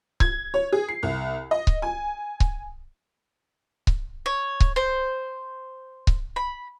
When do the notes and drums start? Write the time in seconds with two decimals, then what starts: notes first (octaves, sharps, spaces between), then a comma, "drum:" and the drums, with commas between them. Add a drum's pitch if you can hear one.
0.20 G#6, drum: kick C#1
0.54 C#5
0.73 G#4
0.89 C7
1.03 C2
1.51 D#5
1.67 drum: kick C#1
1.82 G#5
2.40 drum: kick C#1
3.87 drum: kick C#1
4.26 C#5
4.60 drum: kick C#1
4.76 C5
6.07 drum: kick C#1
6.36 B5